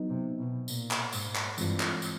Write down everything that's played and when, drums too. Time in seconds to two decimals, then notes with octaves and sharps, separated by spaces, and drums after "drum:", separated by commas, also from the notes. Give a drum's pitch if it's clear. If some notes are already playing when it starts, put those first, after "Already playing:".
Already playing: F#3 B3 D#4
0.10 C3
0.39 B2
0.68 A#2, drum: tambourine
0.91 drum: clap
1.13 G#2, drum: tambourine
1.35 drum: clap
1.58 G2 E3 G#3 C4 F4, drum: tambourine
1.80 drum: clap
2.02 drum: tambourine